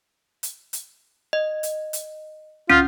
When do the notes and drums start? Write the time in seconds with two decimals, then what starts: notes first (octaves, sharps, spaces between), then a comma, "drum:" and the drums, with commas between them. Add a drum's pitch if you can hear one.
0.43 drum: hi-hat
0.73 drum: hi-hat
1.33 D#5
1.63 drum: hi-hat
1.93 drum: hi-hat
2.69 C#4 F4, drum: tom